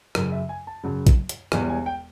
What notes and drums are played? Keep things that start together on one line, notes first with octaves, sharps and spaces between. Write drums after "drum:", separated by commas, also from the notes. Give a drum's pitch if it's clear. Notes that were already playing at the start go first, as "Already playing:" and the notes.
F#2 C#3 F#3 A#4, drum: rim click
E5
G#5
A5
F#2 C#3 F#3
drum: kick A#1, hi-hat
drum: hi-hat
E1 E2 B2 G3 G#5, drum: rim click
G#5
G5